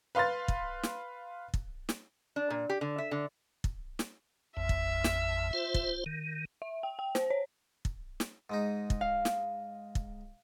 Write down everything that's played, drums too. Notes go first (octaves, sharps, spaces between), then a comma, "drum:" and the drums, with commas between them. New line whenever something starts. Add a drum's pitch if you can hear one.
B4 F5 C6 F6 A6
drum: kick
drum: snare
drum: kick
drum: snare
D4
A#2
G4
D3
E5
D3
drum: kick
drum: snare
A1 F2 E5
drum: kick
drum: snare
F4 C5
drum: kick
D#3
E5
G5
G5
C5, drum: snare
C#5
drum: kick
drum: snare
G#2 G#3 D#4
drum: kick
F5
drum: snare
drum: kick